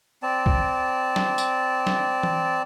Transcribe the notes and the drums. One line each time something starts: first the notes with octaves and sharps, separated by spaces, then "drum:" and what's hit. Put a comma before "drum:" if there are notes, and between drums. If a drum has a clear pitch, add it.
C4 D5 A5
drum: kick
drum: snare
drum: tambourine
drum: snare
drum: tom E3